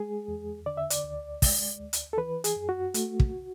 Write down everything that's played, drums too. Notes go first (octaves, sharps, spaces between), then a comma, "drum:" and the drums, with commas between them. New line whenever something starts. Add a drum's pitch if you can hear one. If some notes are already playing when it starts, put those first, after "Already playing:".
Already playing: G#3 G#4
E2
D3 D5
E5
D5, drum: hi-hat
D2
G#3, drum: kick, open hi-hat
D2
drum: hi-hat
A4
E3 B4
G#4, drum: hi-hat
F#2
F#4
A3, drum: hi-hat
drum: kick